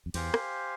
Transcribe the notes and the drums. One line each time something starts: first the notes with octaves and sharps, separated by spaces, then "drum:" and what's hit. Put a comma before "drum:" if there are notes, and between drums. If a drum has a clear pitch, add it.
F2
E2 G4 C5 F5 G#5, drum: cymbal
drum: rim click